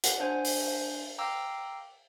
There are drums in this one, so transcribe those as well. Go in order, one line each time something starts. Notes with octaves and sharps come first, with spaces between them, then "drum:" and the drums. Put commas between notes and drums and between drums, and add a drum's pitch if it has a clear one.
F#5, drum: hi-hat
D4 C5 G#5
drum: open hi-hat
F5 G5 A#5 D6 E6